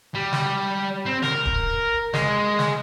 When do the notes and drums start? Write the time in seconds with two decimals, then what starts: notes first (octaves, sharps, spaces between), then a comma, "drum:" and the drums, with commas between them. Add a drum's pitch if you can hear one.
0.15 G3
0.32 drum: snare
1.05 C4
1.22 A#4, drum: snare
1.46 drum: kick
2.13 G#3, drum: snare
2.59 drum: snare